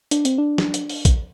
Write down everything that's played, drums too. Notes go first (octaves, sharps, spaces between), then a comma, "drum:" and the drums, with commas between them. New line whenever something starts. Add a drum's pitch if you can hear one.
D4, drum: hi-hat
C4, drum: hi-hat
D4
drum: snare
drum: hi-hat
drum: open hi-hat
drum: kick, hi-hat